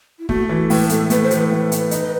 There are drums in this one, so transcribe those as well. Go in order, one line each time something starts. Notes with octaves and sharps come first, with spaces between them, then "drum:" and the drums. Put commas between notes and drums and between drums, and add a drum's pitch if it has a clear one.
E4
A3 F#4, drum: kick
E3 F#4
A2 B4, drum: open hi-hat
B4
A2 A4, drum: hi-hat
A3 B4, drum: hi-hat
C5
E3, drum: hi-hat
B4
C5
A2 B4
A2, drum: hi-hat
D#4, drum: hi-hat